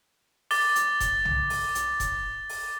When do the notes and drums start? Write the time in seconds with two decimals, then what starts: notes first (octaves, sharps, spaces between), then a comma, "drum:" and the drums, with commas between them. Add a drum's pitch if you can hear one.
0.51 D6 A6 G7, drum: open hi-hat
0.76 drum: hi-hat
1.00 drum: kick E1, hi-hat
1.25 drum: tom B1
1.50 drum: open hi-hat
1.75 drum: hi-hat
2.00 drum: kick E1, hi-hat
2.50 drum: open hi-hat